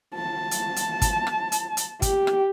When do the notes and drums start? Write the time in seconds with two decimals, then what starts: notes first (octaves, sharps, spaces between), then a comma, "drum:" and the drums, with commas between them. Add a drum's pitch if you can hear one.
0.15 A5
0.51 drum: hi-hat
0.76 drum: hi-hat
1.02 drum: kick, hi-hat
1.27 drum: rim click
1.52 drum: hi-hat
1.77 drum: hi-hat
2.02 G4, drum: kick, hi-hat
2.27 drum: rim click